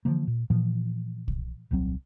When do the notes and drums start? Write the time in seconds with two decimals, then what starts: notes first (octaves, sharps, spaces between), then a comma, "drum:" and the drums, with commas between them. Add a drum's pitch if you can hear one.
0.05 D3 E3 F3 A#3
0.27 A#2
0.50 A#2 E3 F3
1.28 drum: kick
1.71 D#1 C2 F#3 C4